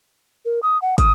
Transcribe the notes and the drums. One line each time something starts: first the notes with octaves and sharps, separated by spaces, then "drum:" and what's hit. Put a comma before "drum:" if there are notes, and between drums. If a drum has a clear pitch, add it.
A#4
D#6
F#5
D#6, drum: kick, hi-hat